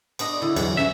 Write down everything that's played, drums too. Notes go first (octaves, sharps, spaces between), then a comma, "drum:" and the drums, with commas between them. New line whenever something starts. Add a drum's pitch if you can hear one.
B3 D4 D#5, drum: cymbal
D3 E4
B1 E2 E3 F#3, drum: cymbal
F#3 C#4 E5, drum: snare